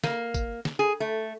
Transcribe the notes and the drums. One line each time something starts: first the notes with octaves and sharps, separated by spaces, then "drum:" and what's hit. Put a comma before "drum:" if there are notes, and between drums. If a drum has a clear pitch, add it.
A#3, drum: snare
drum: kick, tambourine
drum: snare
G#4
A3